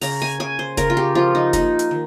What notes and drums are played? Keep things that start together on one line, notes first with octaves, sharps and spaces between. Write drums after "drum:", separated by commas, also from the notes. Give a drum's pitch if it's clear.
C#3 A#5, drum: open hi-hat
G#5
C#3 G#5
C5
C#3 A#4, drum: kick, hi-hat
F4
G4
F3 F4
D#4
A#3 D#4, drum: kick, hi-hat
drum: hi-hat
D#3